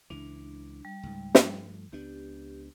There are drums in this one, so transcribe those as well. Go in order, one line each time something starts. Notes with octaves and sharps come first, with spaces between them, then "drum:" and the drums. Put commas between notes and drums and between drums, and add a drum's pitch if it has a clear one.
C#2 E3 D4
G3
C#2 G#2
G2 F3 A3, drum: snare
C#2 B3 D4 G4